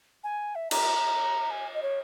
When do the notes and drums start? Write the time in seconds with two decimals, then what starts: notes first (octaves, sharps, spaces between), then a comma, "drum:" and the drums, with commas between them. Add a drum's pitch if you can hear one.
0.23 G#5
0.55 E5
0.71 A#5, drum: cymbal
1.50 G#5
1.74 D#5
1.82 C#5